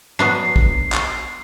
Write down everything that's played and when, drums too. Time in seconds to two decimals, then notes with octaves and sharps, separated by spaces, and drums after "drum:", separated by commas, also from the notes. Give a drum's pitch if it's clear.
0.19 F#3 B3 D4 C7
0.56 drum: kick
0.92 drum: clap